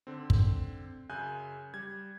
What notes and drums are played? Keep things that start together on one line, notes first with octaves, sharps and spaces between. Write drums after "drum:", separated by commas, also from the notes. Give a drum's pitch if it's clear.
D3 C4
drum: kick
F#2 C#3 G#5 F#6 G6
G3 G#6